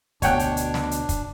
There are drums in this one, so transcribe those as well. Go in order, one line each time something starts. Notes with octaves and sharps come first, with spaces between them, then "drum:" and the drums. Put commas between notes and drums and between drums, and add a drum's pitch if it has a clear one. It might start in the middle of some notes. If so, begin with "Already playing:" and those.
D2 B2 D4 C#5 F#5 G5, drum: kick, hi-hat
drum: hi-hat
drum: hi-hat
drum: snare
drum: hi-hat
drum: kick, hi-hat